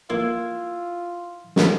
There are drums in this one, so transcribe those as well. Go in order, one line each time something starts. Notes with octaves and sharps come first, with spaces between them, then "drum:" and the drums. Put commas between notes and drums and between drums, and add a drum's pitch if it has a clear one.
A#3 E4 F4
drum: snare